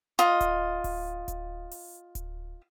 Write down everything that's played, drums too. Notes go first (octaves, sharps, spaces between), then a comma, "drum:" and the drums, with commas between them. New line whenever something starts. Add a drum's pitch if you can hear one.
F4 D#5, drum: hi-hat
drum: kick D1, hi-hat
drum: kick D1, open hi-hat
drum: kick D1, hi-hat
drum: open hi-hat
drum: kick D1, hi-hat